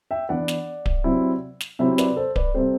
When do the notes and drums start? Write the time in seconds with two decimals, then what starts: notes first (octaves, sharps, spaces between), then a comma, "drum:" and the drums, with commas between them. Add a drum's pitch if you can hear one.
0.11 E5 G5
0.29 E3 B3 D4 D5 F#5
0.48 drum: snare
0.86 drum: kick D1
1.04 C3 F#3 C4 E4
1.61 drum: snare
1.79 C3 F#3 C4 E4 C5 E5
1.98 B4 D5, drum: snare
2.16 A4 C5
2.36 B4 D5, drum: kick D1
2.54 C3 G3 C4 A4 C5